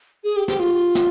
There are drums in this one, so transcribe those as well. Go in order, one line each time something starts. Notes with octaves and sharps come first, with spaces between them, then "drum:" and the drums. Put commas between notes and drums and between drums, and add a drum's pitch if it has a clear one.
G#4
G4
G4, drum: snare
F4
drum: snare